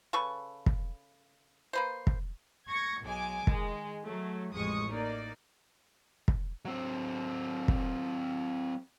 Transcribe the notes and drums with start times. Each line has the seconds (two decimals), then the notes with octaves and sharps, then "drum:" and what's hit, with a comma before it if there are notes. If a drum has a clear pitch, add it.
0.13 C#3 A4 B4 C#6
0.66 drum: kick
1.73 A#3 B4 C5
2.07 drum: kick
2.68 C#6 G#6 A#6 C#7
3.05 B1 G#3 G#5 D6
3.47 D#3 G#3, drum: kick
4.05 F#3 A3
4.54 A1 F2 G#3 C#6 D#6
4.91 A#3 D#4 D5
6.28 drum: kick
6.65 F#3 C4
7.68 drum: kick